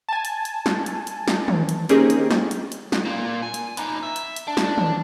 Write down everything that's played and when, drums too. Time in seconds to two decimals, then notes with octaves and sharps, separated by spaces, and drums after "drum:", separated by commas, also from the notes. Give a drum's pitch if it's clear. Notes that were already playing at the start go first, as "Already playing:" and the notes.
0.09 G#5 A5
0.25 drum: hi-hat
0.45 drum: hi-hat
0.66 drum: snare
0.86 drum: hi-hat
1.07 drum: hi-hat
1.28 drum: snare
1.48 drum: tom D#3
1.69 drum: hi-hat
1.89 A#3 C4 C#4 D#4 G4 G#4, drum: hi-hat
2.10 drum: hi-hat
2.31 drum: snare
2.51 drum: hi-hat
2.72 drum: hi-hat
2.92 drum: snare
3.05 A#3 F4
3.42 G#5
3.54 drum: hi-hat
3.77 B3 D#4, drum: hi-hat
4.03 E5
4.16 drum: hi-hat
4.36 drum: hi-hat
4.47 D4
4.57 drum: snare
4.78 drum: tom D#3